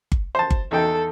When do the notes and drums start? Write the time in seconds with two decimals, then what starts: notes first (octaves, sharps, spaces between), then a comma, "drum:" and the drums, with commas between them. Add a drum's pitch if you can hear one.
0.12 drum: kick G1
0.35 C5 A5
0.50 drum: kick G1
0.71 E2 D#4 A4 G5